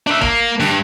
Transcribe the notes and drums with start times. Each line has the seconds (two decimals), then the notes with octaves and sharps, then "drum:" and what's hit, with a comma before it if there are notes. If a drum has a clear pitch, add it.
0.07 D4 E5
0.21 A#3, drum: kick
0.60 G2, drum: snare